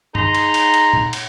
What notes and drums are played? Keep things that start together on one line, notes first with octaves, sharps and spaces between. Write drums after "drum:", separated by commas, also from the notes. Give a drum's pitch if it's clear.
D#4 G#4 A#5 C6, drum: tom G2
drum: cymbal
drum: cymbal
drum: cymbal
drum: tom
drum: cymbal